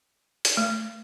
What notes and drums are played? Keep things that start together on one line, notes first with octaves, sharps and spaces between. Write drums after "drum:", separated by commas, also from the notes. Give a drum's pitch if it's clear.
drum: hi-hat
A3